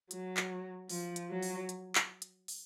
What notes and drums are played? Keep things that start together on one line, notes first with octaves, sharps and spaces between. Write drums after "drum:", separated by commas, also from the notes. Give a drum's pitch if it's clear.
F#3, drum: hi-hat
drum: clap
F3, drum: open hi-hat
drum: hi-hat
F#3
drum: open hi-hat
drum: hi-hat
drum: clap
drum: hi-hat
drum: open hi-hat